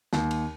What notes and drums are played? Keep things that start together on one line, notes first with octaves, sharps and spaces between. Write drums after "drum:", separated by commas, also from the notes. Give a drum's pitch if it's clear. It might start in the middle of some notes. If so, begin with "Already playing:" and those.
D#2, drum: snare
drum: cymbal